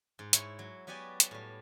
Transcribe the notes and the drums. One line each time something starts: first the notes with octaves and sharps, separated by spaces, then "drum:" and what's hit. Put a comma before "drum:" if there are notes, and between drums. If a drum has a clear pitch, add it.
G#2
E4 C#5, drum: hi-hat
F#3
F#3 B3 F#4 G4 D5 G#5
drum: hi-hat
A2 G3